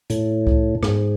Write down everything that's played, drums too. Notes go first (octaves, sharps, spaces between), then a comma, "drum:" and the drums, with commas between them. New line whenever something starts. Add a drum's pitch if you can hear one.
A2, drum: hi-hat
drum: kick C2
G#2, drum: rim click